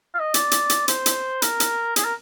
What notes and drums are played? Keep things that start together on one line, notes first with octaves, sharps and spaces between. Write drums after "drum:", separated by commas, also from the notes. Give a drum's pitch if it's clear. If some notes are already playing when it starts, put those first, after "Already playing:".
F5
D#5
D5, drum: hi-hat
drum: hi-hat
drum: hi-hat
C5, drum: hi-hat
drum: hi-hat
A#4, drum: hi-hat
drum: hi-hat
G#4, drum: hi-hat
A#4